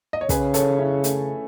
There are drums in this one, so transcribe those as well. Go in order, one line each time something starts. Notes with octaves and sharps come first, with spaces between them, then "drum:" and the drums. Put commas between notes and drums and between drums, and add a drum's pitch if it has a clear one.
D#5
C#5
C#3 G#4 B4, drum: kick, hi-hat
A4 C#5, drum: hi-hat
C#4 E4
A3 C#4, drum: hi-hat